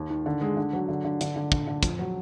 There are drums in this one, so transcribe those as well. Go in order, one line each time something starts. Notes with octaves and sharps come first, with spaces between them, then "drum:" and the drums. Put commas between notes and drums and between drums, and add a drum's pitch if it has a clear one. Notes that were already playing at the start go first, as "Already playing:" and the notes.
Already playing: D#2
D#3
D3
G#3
D3
F#3
D3
D3
D3, drum: hi-hat
D3
D3, drum: kick
D3
F2, drum: kick, hi-hat
F#3